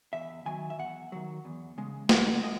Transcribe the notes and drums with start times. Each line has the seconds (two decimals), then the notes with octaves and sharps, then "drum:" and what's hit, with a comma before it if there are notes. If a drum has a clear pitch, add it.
0.13 E2 E5
0.46 D#3 F#3 G#5
0.70 E5
0.79 E2 F#5
1.12 D#3 F#3
1.45 E2
1.78 C#3 G#3
2.09 A#2 F#5, drum: snare A3
2.43 G#3 D#5